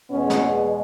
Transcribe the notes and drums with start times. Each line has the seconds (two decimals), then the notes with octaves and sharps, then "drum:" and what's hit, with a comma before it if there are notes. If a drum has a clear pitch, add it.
0.10 E2 B2 G#3 B3 C#4
0.30 drum: snare